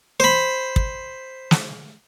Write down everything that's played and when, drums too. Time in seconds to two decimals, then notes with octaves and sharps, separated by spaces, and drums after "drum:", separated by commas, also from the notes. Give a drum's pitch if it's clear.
0.20 C5 B5
0.76 drum: kick
1.51 drum: snare